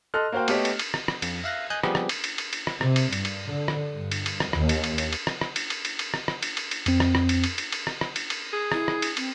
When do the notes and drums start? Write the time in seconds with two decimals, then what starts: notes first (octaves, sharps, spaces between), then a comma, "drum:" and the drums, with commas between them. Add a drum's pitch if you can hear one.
0.14 A4 D#5 C6 F6 F#6
0.32 A#3 F#4 C5 F5 G5
0.48 A3 B3 G4 C#5 D#5, drum: cymbal
0.65 drum: cymbal
0.79 drum: cymbal
0.94 drum: rim click
1.08 drum: rim click
1.22 F2, drum: cymbal
1.44 E5 F5 F#6 A#6
1.70 D#5 G#5 F#6 G6
1.83 F3 G3 B3 C4 G4 G#4, drum: rim click
1.95 drum: rim click
2.09 drum: cymbal
2.24 drum: cymbal
2.38 drum: cymbal
2.53 drum: cymbal
2.67 drum: rim click
2.81 C3, drum: rim click
2.96 drum: cymbal
3.13 G2, drum: cymbal
3.25 drum: cymbal
3.50 D3
3.68 drum: rim click
3.91 G2
4.11 drum: cymbal
4.26 drum: cymbal
4.40 drum: rim click
4.53 D#2, drum: rim click
4.69 drum: cymbal
4.84 drum: cymbal
4.98 drum: cymbal
5.13 drum: cymbal
5.27 drum: rim click
5.41 drum: rim click
5.56 drum: cymbal
5.70 drum: cymbal
5.85 drum: cymbal
5.99 drum: cymbal
6.14 drum: rim click
6.28 drum: rim click
6.43 drum: cymbal
6.57 drum: cymbal
6.71 drum: cymbal
6.86 F2 C4, drum: cymbal
7.00 drum: rim click
7.15 drum: rim click
7.29 drum: cymbal
7.44 drum: cymbal
7.58 drum: cymbal
7.72 drum: cymbal
7.87 drum: rim click
8.01 drum: rim click
8.16 drum: cymbal
8.30 drum: cymbal
8.53 G#4
8.72 E4, drum: rim click
8.88 drum: rim click
9.02 drum: cymbal
9.17 C4, drum: cymbal